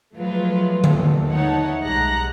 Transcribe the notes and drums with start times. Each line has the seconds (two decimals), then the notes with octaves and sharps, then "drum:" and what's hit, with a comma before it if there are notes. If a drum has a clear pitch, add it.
0.15 F3 F#3 G#3 A3 F4 B4
0.84 D#2 A4, drum: tom D3
1.31 G3 D#4 C#5 E5 F#5 A5
1.82 B1 G#3 G4 A#5 F#6 A#6